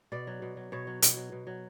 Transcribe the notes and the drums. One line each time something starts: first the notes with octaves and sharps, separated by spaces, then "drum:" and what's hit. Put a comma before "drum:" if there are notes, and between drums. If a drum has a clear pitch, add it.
B2 D5
F#3
B2
F#3
B2 C#5
F#3
B2, drum: hi-hat
F#3
B2
F#3